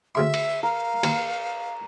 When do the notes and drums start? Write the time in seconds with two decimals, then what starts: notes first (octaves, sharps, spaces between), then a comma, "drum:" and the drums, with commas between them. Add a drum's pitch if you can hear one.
0.15 D2 C#3 E5 C6
0.34 drum: cymbal
0.63 A#4 F5
1.03 D#2, drum: cymbal